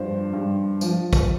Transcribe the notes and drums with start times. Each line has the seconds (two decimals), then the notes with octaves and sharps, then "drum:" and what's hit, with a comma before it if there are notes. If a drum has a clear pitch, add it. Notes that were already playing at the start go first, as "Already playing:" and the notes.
Already playing: G2 F3 C5
0.33 G2
0.81 F3, drum: tambourine
1.13 drum: kick, tambourine